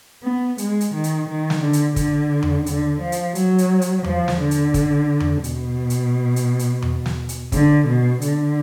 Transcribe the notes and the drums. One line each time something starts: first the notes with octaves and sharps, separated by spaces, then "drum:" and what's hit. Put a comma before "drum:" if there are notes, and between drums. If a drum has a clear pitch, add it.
B3
G#3, drum: hi-hat
drum: hi-hat
D#3
drum: hi-hat
D#3
drum: snare
D3
drum: hi-hat
D3, drum: kick, hi-hat
drum: tom E2
D3, drum: hi-hat
F3
drum: hi-hat
F#3, drum: hi-hat
drum: hi-hat
drum: hi-hat
F3, drum: tom E2
drum: snare
D3
drum: hi-hat
drum: kick, hi-hat
drum: tom E2
B2, drum: hi-hat
drum: hi-hat
drum: hi-hat
drum: hi-hat
drum: tom E2
drum: snare
drum: hi-hat
D3, drum: kick, hi-hat
B2
D3, drum: hi-hat